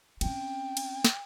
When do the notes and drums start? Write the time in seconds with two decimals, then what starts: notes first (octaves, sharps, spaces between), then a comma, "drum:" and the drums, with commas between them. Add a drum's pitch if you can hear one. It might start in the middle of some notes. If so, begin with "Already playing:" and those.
0.21 C4 C#4 G5, drum: cymbal
0.77 drum: cymbal
1.05 drum: snare